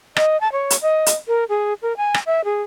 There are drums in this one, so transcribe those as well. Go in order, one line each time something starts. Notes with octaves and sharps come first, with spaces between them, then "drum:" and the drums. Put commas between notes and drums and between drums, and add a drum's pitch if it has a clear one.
D#5, drum: rim click
A5
C#5
drum: hi-hat
D#5
drum: hi-hat
A#4
G#4
A#4
G#5
drum: rim click
E5
G#4